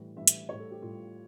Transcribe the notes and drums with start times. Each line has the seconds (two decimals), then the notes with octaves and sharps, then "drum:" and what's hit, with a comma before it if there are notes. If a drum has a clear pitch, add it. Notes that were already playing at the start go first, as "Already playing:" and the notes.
Already playing: A2 E3 G3
0.16 A2 E3 G3 E5
0.27 drum: hi-hat
0.49 A2 G3 C#5
0.60 A4
0.71 G4
0.82 A2 G3 F4